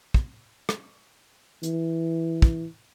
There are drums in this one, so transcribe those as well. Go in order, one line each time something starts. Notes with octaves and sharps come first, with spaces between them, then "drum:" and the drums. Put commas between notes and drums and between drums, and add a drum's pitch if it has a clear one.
drum: kick
drum: rim click
E3, drum: hi-hat
drum: kick